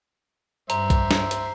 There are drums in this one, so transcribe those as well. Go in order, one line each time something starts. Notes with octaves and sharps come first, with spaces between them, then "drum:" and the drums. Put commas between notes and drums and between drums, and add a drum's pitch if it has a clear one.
G2 C5 E5 A#5, drum: hi-hat
drum: kick B1, hi-hat
drum: snare
drum: hi-hat